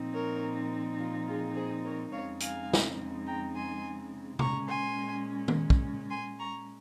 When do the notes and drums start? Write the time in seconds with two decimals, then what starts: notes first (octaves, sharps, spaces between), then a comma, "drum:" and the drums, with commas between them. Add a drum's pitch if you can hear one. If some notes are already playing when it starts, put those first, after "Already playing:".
Already playing: A#2 F3 C4 D#4
0.13 A#4 C#5
0.98 F4
1.27 F4 G#4
1.55 G#4 C5
1.84 A#4 C#5
2.12 F2 C#3 G#3 C4 D#4 C#5 F5
2.40 F5 G#5, drum: hi-hat
2.73 drum: snare
3.26 G5 A#5
3.54 G#5 C6
4.39 A#2 G#3 C#4 A#5 C#6, drum: tom C3
4.68 G#5 C6
5.48 drum: tom
5.70 drum: kick
6.09 G#5 C6
6.38 A#5 C#6